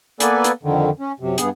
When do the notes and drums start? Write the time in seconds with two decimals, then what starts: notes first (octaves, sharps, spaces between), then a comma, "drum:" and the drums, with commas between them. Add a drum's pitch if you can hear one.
0.20 A#3 B3 A4 B4 D5 G#5, drum: hi-hat
0.44 drum: hi-hat
0.63 F2 D3 D#3
1.00 C#4
1.20 F#2 C3
1.38 G2 B3 G#4, drum: hi-hat